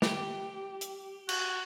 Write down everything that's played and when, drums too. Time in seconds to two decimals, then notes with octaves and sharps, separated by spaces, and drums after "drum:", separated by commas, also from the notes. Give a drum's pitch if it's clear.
0.02 G4, drum: snare
0.81 drum: hi-hat
1.29 F#4, drum: cymbal